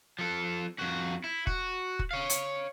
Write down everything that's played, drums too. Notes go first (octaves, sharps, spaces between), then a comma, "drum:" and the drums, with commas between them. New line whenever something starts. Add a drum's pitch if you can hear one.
F3 A4
F2 F#4
E4
F#4, drum: kick
drum: kick
C#5 F5
drum: hi-hat